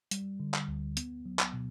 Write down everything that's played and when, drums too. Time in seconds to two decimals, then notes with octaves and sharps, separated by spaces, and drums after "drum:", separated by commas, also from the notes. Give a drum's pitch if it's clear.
0.11 G3, drum: hi-hat
0.40 D3
0.54 drum: clap
0.68 D2
0.97 B3, drum: hi-hat
1.26 F#3
1.39 drum: clap
1.53 B2